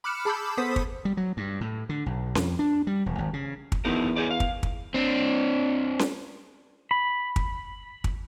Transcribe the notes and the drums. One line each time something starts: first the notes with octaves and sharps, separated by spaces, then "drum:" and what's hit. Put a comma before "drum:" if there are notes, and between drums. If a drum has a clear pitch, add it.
B5 D6 F6 F#6 C#7 E7
G#4 A5 B5 D6 E6 G6
B3 A4 C5 D#6 B6
drum: kick
G3
F#3
G2
A2
D3
B1
F2, drum: snare C#4
D4
G3
E1
G#1
C#3
drum: kick
E2 B3 D#4 A#4
G#4 C#5 D5
F5
drum: kick
drum: kick
C4 D4
drum: snare C#4
B5
drum: kick
drum: kick